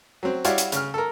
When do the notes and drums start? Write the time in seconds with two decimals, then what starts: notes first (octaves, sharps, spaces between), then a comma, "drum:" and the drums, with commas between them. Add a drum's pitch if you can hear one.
0.23 F#3 C4
0.45 G3 E4 F#4 C#5 D5 F5, drum: hi-hat
0.58 drum: hi-hat
0.72 C#3 F6, drum: hi-hat
0.94 A4 A#4